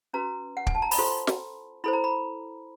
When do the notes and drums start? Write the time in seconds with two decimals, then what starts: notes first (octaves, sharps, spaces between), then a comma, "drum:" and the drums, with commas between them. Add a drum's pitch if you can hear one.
0.13 C#4 F#4 B4 A#5
0.57 F#5
0.67 G#5, drum: kick
0.75 A5
0.82 A#5
0.91 B5, drum: open hi-hat
0.98 F4 A4 C5 C6
1.27 drum: snare
1.84 E4 A4 C5 B5
1.93 A#5
2.04 B5